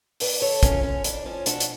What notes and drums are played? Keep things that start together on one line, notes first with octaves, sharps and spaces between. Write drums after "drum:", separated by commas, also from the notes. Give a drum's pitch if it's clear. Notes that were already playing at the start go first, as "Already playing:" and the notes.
F2 B4 D5, drum: open hi-hat
D3 A4 C#5
F#2 C#4 F4, drum: kick, hi-hat
D3 C#4
F2 D4, drum: hi-hat
F3 C#4
B2 D4 F#4, drum: hi-hat
drum: hi-hat